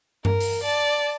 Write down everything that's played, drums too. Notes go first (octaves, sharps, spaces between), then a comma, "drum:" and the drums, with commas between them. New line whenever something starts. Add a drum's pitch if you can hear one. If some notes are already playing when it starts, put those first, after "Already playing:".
A#4, drum: tom G2
drum: open hi-hat
D5 A5